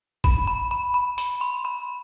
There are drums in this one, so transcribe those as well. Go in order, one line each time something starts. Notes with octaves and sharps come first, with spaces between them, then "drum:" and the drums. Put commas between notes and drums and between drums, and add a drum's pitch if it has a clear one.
B5, drum: kick
B5
B5
B5
B5, drum: hi-hat
C6
B5